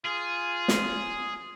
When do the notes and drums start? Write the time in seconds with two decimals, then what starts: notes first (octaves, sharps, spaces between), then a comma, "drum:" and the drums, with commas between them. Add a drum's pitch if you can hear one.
0.05 F4 G#4
0.68 drum: snare